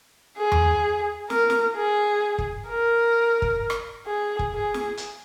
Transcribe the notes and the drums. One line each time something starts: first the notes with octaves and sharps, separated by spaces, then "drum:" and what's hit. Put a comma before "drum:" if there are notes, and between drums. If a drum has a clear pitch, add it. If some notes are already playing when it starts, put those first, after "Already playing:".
G#4
drum: tom E2
A#4, drum: snare
drum: snare
G#4
drum: kick
A#4
drum: kick
drum: rim click
G#4
drum: kick
G#4
drum: snare
drum: hi-hat